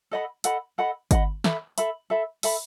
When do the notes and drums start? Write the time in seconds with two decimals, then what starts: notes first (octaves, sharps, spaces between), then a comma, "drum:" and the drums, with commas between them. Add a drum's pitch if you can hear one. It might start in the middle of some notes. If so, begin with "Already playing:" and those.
0.11 A4 D#5 F#5 B5
0.44 A4 D#5 F#5 B5, drum: hi-hat
0.78 A4 D#5 F#5 B5
1.11 A4 D#5 F#5 B5, drum: kick G1, hi-hat
1.44 A4 E5 B5, drum: snare
1.78 A4 E5 B5, drum: hi-hat
2.10 A4 E5 B5
2.43 A4 E5 B5, drum: open hi-hat